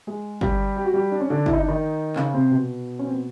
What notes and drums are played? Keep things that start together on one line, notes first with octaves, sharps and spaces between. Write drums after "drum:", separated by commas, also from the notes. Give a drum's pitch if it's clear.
G#3 G#4
G3 G4, drum: kick G1
G4
F#4
G3 G4
D4
C#4
D3 D4
E4, drum: kick G1
D#4
D4
D#3 D#4
C#3 C#4, drum: clap
C3 C4
B2 B3
C#4
C4
B3